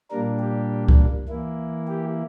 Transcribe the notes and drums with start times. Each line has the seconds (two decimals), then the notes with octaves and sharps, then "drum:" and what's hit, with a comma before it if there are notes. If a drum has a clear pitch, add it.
0.11 A#2 G3 A#3 D4 A#4
0.40 G4
0.88 drum: kick C#2
1.28 E3 A#3 E4
1.88 G4